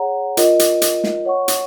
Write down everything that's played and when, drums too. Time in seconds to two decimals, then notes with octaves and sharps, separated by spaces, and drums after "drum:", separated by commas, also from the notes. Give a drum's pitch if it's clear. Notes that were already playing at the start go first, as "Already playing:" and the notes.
Already playing: G#4 C#5 F#5 A#5
0.37 F4 A#4 D#5, drum: hi-hat
0.59 drum: hi-hat
0.82 drum: hi-hat
1.04 drum: snare
1.25 C#5 F#5 C#6
1.48 drum: hi-hat